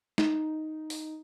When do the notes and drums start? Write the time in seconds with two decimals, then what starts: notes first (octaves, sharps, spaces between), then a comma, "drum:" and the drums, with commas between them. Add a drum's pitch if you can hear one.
0.18 D#4, drum: snare
0.90 drum: open hi-hat